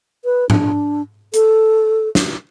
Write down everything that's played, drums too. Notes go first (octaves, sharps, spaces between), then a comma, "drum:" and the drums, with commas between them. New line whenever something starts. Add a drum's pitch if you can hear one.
B4
D4, drum: tom G#2
A4, drum: hi-hat
drum: snare